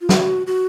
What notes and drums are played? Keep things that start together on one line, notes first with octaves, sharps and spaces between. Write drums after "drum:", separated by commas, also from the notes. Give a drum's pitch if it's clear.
F4
F#4, drum: snare
F#4